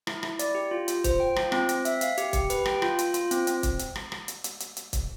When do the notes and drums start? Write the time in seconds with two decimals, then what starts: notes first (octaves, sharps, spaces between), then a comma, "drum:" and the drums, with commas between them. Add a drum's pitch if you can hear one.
0.07 E4, drum: rim click
0.23 E4, drum: rim click
0.39 D5, drum: hi-hat
0.55 G4
0.71 F4
0.88 F4, drum: hi-hat
1.04 C5, drum: kick C#1, hi-hat
1.20 G5
1.36 F4, drum: rim click
1.52 C4, drum: rim click
1.69 C4, drum: hi-hat
1.85 E5, drum: hi-hat
2.01 F5, drum: hi-hat
2.18 G4, drum: hi-hat
2.33 G4, drum: kick C#1, hi-hat
2.50 B4, drum: hi-hat
2.66 G5, drum: rim click
2.82 F4, drum: rim click
2.99 F4, drum: hi-hat
3.14 F4, drum: hi-hat
3.31 C4, drum: hi-hat
3.47 C4, drum: hi-hat
3.63 drum: kick C#1, hi-hat
3.79 drum: hi-hat
3.96 drum: rim click
4.12 drum: rim click
4.28 drum: hi-hat
4.44 drum: hi-hat
4.60 drum: hi-hat
4.77 drum: hi-hat
4.93 drum: kick C#1, hi-hat